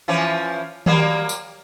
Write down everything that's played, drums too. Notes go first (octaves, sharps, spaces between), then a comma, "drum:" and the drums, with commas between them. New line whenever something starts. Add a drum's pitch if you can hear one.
E3 F3 C#4
F#3 G3 A#3, drum: tom D#3
drum: tambourine